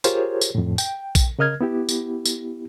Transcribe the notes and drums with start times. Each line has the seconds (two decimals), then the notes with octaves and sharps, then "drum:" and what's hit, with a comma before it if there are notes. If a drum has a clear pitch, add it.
0.04 F4 G4 G#4 A#4 C5 C#5, drum: tambourine
0.41 drum: tambourine
0.55 F2 A2
0.78 G5, drum: tambourine
1.15 drum: kick, tambourine
1.39 C#3 A#4 D#5 F6 G#6
1.61 B3 E4 G4
1.89 drum: tambourine
2.25 drum: tambourine